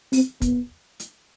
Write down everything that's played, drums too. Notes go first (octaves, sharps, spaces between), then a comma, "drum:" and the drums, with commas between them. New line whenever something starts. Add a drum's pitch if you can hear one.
C4, drum: open hi-hat
B3, drum: kick, hi-hat
drum: hi-hat